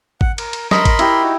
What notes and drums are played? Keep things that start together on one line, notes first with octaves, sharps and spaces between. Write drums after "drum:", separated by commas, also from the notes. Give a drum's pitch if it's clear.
F#5, drum: kick G#1
A#4, drum: cymbal
drum: cymbal
A#4 D#5 B5 C6, drum: snare
drum: kick G#1, cymbal
E4 G4, drum: cymbal
D#4 F#4